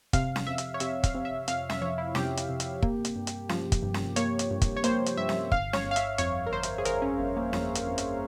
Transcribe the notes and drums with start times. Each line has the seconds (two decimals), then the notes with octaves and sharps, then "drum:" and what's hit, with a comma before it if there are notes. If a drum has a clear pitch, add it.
0.13 C3 F5, drum: kick, hi-hat
0.36 drum: snare C#4
0.47 F2 E5
0.58 drum: hi-hat
0.74 C#5
0.80 C3 E5, drum: hi-hat
1.03 F5, drum: kick, hi-hat
1.15 C3
1.25 E5
1.48 F2 F5, drum: hi-hat
1.70 E5, drum: snare C#4
1.81 F3 C#5
1.98 E4
2.15 C3 G4, drum: snare C#4
2.37 drum: hi-hat
2.49 C3
2.60 drum: hi-hat
2.82 A#3, drum: kick
3.05 drum: hi-hat
3.16 G2
3.27 drum: hi-hat
3.49 F3, drum: snare C#4
3.72 drum: kick, hi-hat
3.82 G2
3.94 drum: snare C#4
4.16 A#3 C#5, drum: hi-hat
4.39 drum: hi-hat
4.51 G2
4.62 drum: kick, hi-hat
4.77 C#5
4.84 A#3 C5, drum: hi-hat
5.06 drum: hi-hat
5.17 G2 E5
5.29 drum: snare C#4
5.52 G1 F5, drum: kick
5.73 C#5, drum: snare C#4
5.85 G1
5.91 F5
5.96 E5, drum: hi-hat
6.18 F2 C#5, drum: hi-hat
6.46 A#4
6.51 G1 C5
6.63 drum: hi-hat
6.78 G#4
6.85 G1 A#4, drum: hi-hat
7.02 C#4
7.19 G1
7.37 A#3
7.53 F2, drum: snare C#4
7.75 drum: hi-hat
7.87 F2
7.98 drum: hi-hat